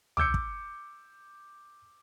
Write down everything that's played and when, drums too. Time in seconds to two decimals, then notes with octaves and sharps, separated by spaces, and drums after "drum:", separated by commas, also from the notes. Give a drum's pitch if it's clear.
0.17 D6 E6 G6 C#7, drum: tom
0.34 drum: kick